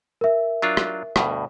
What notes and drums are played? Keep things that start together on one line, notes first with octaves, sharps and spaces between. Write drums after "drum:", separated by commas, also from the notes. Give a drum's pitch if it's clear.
A#4 E5
F#3 D4 F4
drum: rim click
D2 G2 B2, drum: rim click